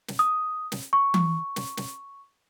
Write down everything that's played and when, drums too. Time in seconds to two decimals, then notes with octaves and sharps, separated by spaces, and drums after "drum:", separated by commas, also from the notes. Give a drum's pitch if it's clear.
0.08 drum: snare
0.19 D#6
0.72 drum: snare
0.93 C#6
1.14 drum: tom E3
1.56 drum: snare
1.77 drum: snare